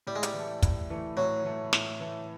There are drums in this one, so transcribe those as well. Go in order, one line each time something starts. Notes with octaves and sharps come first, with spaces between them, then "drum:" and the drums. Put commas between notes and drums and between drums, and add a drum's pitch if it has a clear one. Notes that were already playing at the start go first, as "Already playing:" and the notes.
A2 G3
G#3
G3, drum: hi-hat
E3 A3
A2, drum: kick, hi-hat
E3 A3
A2 F#3
E3 A3
A2, drum: snare
E3 A3